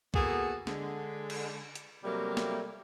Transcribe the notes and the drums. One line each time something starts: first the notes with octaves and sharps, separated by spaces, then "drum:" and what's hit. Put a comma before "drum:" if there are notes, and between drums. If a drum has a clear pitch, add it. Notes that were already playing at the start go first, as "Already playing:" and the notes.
E2 A#3 B3 F#4 G#4 A4, drum: kick C2
D3 G#3, drum: snare
drum: cymbal
drum: hi-hat
C3 F#3 G3 A3 A#3
drum: snare